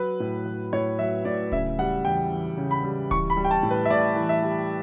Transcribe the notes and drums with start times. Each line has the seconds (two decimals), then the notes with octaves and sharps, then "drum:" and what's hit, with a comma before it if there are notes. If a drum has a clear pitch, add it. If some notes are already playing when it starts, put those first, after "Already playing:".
Already playing: F#3 B4
0.20 A2
0.46 F#3
0.73 A2 C#5
0.99 F#3 E5
1.25 A2 D5
1.52 C#3 E5, drum: kick D1
1.79 G3 F#5
2.05 E2 G5
2.32 E2
2.57 C#3
2.71 B5
2.83 G3
3.11 E3 C#6, drum: kick D1
3.30 B5
3.37 G3
3.45 G5
3.51 A5
3.63 A2
3.71 B4
3.85 E5
3.90 A2 D5
4.16 E3
4.29 E5
4.42 G3